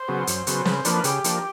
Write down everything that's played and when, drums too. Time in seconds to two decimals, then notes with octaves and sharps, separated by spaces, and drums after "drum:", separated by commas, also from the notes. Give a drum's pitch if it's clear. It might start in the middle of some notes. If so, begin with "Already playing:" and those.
Already playing: C5
0.08 C#3 F#3 B3
0.27 F#2, drum: hi-hat
0.47 C#3 F#3 B3, drum: hi-hat
0.65 C#3 B4, drum: snare
0.76 C5
0.85 F3 A#3 D4 B4, drum: hi-hat
0.95 B4
1.04 C#3 G4, drum: hi-hat
1.24 F3 A#3 D4, drum: hi-hat